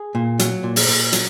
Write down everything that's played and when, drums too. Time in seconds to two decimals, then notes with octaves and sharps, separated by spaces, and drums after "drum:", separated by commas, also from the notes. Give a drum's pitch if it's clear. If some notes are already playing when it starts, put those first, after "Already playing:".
Already playing: G#4
0.15 A#2
0.39 F#3, drum: hi-hat
0.63 A#2
0.76 drum: open hi-hat
0.88 A#2
1.13 F#3, drum: hi-hat